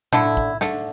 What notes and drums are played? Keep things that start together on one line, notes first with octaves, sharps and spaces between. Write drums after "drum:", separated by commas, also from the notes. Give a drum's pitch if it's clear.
D3 A3 E4, drum: tom A2
drum: kick
D3 A3, drum: snare